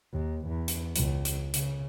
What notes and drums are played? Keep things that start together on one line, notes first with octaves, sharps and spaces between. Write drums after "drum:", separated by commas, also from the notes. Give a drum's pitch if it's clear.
D#2
E2
drum: hi-hat
C#2, drum: hi-hat
drum: hi-hat
C#3, drum: hi-hat